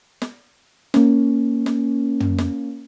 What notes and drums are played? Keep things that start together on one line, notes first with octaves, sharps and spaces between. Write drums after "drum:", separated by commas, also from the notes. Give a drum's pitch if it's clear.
drum: snare
A#3 C#4, drum: snare
drum: snare
drum: tom
drum: snare